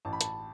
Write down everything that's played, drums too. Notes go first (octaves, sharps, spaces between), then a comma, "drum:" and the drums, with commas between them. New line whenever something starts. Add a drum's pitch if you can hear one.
A1 A5
B5
A5, drum: hi-hat